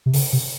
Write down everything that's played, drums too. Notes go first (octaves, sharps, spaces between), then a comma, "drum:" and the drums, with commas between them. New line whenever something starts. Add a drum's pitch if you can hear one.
C3
C#3, drum: open hi-hat
C3